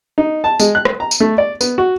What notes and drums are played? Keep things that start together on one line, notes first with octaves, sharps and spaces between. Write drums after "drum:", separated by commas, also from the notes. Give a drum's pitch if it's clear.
D#4
A5
G#3, drum: tambourine
F#6
drum: rim click
A#5
drum: tambourine
A3
D5
B3, drum: tambourine
F#4